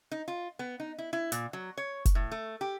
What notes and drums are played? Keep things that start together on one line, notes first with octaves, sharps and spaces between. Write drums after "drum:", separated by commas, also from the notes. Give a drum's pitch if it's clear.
D#4
F4
B3
D#4
E4
E4
A#2, drum: hi-hat
F#3
C#5
drum: kick F1, hi-hat
A2
A3
G4